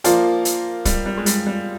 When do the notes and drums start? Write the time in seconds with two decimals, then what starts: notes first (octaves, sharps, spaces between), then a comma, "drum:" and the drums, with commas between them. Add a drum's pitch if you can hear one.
0.04 F3 A#3 F4 A#4 D5, drum: hi-hat
0.45 drum: hi-hat
0.85 G3, drum: kick, hi-hat
1.06 G3
1.17 G#3
1.26 G3, drum: hi-hat
1.46 G3